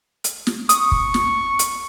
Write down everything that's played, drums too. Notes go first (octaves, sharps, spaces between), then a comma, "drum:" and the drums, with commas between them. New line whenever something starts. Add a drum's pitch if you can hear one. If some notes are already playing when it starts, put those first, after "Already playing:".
drum: hi-hat
drum: snare
C#6 D#6, drum: hi-hat
drum: kick
drum: snare
drum: hi-hat